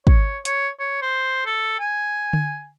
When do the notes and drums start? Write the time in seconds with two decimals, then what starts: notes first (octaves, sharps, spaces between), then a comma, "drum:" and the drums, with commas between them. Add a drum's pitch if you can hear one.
0.07 C#5, drum: kick
0.45 C#5, drum: hi-hat
0.79 C#5
1.02 C5
1.46 A4
1.80 G#5
2.33 drum: tom D3